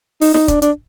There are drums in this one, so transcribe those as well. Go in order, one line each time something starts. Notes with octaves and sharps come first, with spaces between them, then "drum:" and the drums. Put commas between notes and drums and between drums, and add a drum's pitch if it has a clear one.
D#4, drum: open hi-hat
D#4, drum: snare
D4, drum: kick, hi-hat
D4, drum: hi-hat